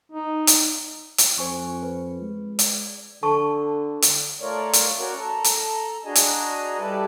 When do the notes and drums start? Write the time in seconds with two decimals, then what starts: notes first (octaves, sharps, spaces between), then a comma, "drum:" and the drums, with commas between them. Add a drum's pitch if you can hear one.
0.12 D#4
0.47 drum: hi-hat
1.18 drum: hi-hat
1.38 F2 C5 G#5 C#6
1.83 B4
2.21 G#3
2.59 D5, drum: hi-hat
3.23 D3 A4 A5 C#6
4.02 drum: hi-hat
4.41 A3 F4 A#4 C#5 D5
4.73 drum: hi-hat
4.99 C#4 F#4 A#4 C#5 D5
5.16 A4 A#5
5.44 drum: hi-hat
6.05 D4 F#4 G#4 D#5 G#5 A#5
6.15 drum: hi-hat
6.78 G3 E4 A4 B4 D5